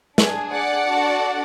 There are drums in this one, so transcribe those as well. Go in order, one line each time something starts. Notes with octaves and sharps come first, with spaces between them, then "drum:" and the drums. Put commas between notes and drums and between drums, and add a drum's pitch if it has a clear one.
D4 G#4, drum: snare
D5 F#5
D4 F#4 A4